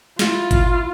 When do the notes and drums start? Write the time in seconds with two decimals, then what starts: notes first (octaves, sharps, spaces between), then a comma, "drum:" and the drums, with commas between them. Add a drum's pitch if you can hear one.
0.19 E4 F4, drum: snare
0.51 drum: kick, hi-hat